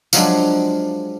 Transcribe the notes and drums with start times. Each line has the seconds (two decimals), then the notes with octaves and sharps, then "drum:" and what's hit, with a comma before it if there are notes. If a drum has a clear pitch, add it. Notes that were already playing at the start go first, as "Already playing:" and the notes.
0.13 F3 F#3 G#3 D4, drum: tambourine